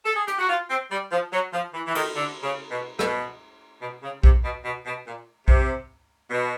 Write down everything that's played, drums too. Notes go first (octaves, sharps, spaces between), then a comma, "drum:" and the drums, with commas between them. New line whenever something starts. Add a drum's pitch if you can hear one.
A4
G#4
G4, drum: hi-hat
F#4
F4
C4
G3
F3
F#3
F3
E3
E3
D#3, drum: cymbal
D3
C#3
B2
B2, drum: rim click
B2
C#3
C3, drum: kick A#1
B2
B2
B2
A#2
C3, drum: kick A#1
B2